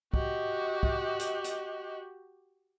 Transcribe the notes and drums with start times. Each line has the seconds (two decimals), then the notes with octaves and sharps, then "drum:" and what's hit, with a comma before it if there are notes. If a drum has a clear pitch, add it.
0.14 F#4 G4 D#5, drum: kick B1
0.83 drum: kick B1
1.19 drum: hi-hat
1.44 drum: hi-hat